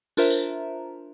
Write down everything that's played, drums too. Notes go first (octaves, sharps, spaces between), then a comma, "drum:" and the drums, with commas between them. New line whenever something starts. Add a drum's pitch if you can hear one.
D4 F4 A#4 C5 E5 A#5, drum: tambourine
drum: tambourine